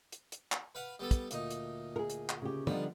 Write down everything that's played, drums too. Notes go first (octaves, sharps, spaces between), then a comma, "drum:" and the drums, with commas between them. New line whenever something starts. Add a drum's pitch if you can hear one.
drum: hi-hat
drum: hi-hat
drum: clap
B4 F5 F#5
G3 B3 A4
drum: kick, hi-hat
D2 A#2 D#4, drum: hi-hat
drum: hi-hat
G#4 A#4
drum: hi-hat
drum: clap
C#3 G4
D3 F3 G3 B3 D#4, drum: tom